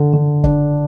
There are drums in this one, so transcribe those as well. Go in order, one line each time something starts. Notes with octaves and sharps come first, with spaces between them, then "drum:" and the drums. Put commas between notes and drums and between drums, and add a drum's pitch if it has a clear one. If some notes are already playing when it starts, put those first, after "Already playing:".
Already playing: D3
D3
D4, drum: kick